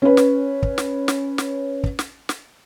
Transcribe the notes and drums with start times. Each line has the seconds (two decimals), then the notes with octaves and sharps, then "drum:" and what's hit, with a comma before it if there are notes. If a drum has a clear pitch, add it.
0.02 C#4 B4
0.17 drum: snare
0.63 drum: kick
0.78 drum: snare
1.08 drum: snare
1.38 drum: snare
1.84 drum: kick
1.99 drum: snare
2.29 drum: snare